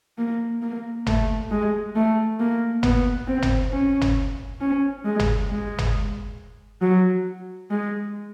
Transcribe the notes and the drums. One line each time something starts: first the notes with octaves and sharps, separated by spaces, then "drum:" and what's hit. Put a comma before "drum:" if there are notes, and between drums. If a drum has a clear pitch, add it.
A#3
A#3
A3, drum: tom
G#3
A3
A#3
B3, drum: tom
C4
drum: tom
C#4
drum: tom
C#4
G#3
drum: tom
G#3
drum: tom
F#3
G#3